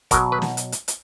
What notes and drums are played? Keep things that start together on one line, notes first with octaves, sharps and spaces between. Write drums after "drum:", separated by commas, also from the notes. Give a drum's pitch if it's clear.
B2 F#3 A#4, drum: kick, hi-hat
B4
drum: snare
drum: hi-hat
drum: hi-hat
drum: hi-hat